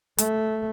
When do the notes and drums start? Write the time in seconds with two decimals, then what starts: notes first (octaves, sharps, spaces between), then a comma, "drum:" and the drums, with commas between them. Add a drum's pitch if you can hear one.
0.18 A3, drum: hi-hat